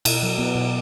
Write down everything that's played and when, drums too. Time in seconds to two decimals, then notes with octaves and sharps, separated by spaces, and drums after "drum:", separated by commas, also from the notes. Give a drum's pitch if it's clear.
0.05 B2, drum: cymbal
0.23 F#3
0.38 B3
0.55 B2